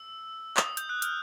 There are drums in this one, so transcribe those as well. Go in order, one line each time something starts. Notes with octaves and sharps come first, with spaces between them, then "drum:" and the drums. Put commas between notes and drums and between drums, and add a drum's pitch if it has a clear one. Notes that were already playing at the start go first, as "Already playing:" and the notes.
Already playing: E6
D#6, drum: clap
G6, drum: hi-hat
F#6
F6, drum: hi-hat